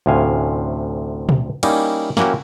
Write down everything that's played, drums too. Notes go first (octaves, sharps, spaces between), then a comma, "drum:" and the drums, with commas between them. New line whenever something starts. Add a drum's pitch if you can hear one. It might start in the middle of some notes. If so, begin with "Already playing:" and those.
D2 A2 C3 C#4 F5 G#5
drum: tom A#2
G3 A#3 C#4 D#4 E4, drum: cymbal
A#3 C#4 E4 F#4 G4, drum: snare